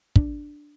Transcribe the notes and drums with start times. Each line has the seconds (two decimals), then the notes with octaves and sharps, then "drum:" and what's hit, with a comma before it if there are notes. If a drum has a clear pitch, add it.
0.16 D4, drum: kick